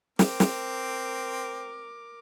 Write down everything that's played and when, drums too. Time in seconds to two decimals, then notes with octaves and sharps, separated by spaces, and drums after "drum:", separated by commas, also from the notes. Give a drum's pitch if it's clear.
0.19 C4 A#4 D6, drum: snare
0.40 drum: snare